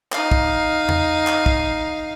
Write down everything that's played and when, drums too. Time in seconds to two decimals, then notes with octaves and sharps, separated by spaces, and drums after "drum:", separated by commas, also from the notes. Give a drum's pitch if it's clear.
0.12 D#4 F5, drum: clap
0.31 drum: kick
0.89 drum: tom E2
1.27 drum: clap
1.46 drum: kick